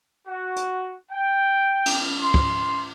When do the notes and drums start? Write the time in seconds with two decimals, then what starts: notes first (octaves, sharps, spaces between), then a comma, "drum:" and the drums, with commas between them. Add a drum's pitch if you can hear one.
0.27 F#4
0.56 drum: hi-hat
1.11 G5
1.86 drum: cymbal
2.20 C6
2.34 drum: kick